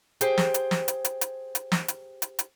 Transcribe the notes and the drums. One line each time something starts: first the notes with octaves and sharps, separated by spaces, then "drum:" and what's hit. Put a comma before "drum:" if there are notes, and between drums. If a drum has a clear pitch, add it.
G4 G#4 C5 G5, drum: hi-hat
drum: snare
drum: hi-hat
drum: snare
drum: hi-hat
drum: hi-hat
drum: hi-hat
drum: hi-hat
drum: snare
drum: hi-hat
drum: hi-hat
drum: hi-hat